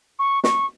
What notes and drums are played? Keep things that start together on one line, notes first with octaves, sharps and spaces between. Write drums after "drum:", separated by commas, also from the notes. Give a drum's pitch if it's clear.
C#6
C#6, drum: snare